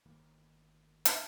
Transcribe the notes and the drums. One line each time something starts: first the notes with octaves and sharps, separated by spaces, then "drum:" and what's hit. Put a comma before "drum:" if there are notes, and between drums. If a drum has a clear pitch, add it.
G1 D#3 A#3
drum: hi-hat